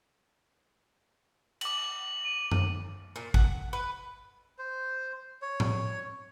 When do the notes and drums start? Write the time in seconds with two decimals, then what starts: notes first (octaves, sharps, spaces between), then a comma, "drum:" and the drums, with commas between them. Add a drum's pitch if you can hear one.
1.61 D6 F#7, drum: cymbal
2.25 D#7
2.51 drum: tom F#2
3.16 A#2
3.34 F#5, drum: kick G#1
3.73 B4
4.59 C5
5.42 C#5
5.60 drum: tom A2